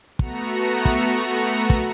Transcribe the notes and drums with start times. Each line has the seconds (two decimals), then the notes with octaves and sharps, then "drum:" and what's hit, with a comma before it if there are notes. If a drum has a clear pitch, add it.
0.19 A3 B3 F#4 A#5 C#7, drum: kick
0.85 drum: kick
1.70 drum: kick